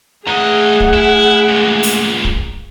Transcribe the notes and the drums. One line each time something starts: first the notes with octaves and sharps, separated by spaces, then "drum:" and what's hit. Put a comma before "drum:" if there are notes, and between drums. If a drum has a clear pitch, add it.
G2 A3 G#4 D#5 F#5 A#5
drum: kick
E4
C#2 A#2
drum: open hi-hat
drum: kick